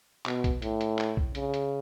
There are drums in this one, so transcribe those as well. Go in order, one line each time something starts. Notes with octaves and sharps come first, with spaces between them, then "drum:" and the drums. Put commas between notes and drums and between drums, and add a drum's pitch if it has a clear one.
B2, drum: clap
drum: kick B1, hi-hat
A2, drum: hi-hat
drum: hi-hat
drum: clap
drum: kick B1
C#3, drum: hi-hat
drum: hi-hat